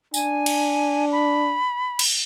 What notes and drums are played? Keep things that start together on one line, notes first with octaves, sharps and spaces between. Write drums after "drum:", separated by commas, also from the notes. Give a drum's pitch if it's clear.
D4 G#5, drum: tambourine
drum: cymbal
B5
drum: cymbal